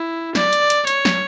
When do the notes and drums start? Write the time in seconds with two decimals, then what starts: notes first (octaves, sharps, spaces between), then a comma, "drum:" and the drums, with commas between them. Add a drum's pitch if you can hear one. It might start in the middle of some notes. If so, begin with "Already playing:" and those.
Already playing: E4
0.35 D5, drum: snare
0.53 drum: hi-hat
0.70 drum: hi-hat
0.87 C#5, drum: hi-hat
1.05 drum: snare